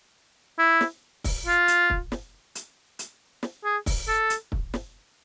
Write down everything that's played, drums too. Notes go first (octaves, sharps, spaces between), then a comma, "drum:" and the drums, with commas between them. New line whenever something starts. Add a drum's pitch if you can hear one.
E4
drum: snare
drum: kick, open hi-hat
F4
drum: hi-hat
drum: kick
drum: snare
drum: hi-hat
drum: hi-hat
drum: snare
G#4
drum: kick, open hi-hat
A4
drum: hi-hat
drum: kick
drum: snare